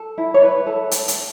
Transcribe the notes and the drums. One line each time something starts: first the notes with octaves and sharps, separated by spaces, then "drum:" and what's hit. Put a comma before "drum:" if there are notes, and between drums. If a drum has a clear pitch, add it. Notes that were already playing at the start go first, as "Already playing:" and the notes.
Already playing: A4
E4
C#5
E4 B4
A4
drum: hi-hat
drum: hi-hat